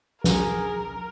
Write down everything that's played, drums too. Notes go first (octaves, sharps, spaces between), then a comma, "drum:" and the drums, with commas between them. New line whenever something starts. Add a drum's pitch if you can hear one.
G#4 A#4, drum: snare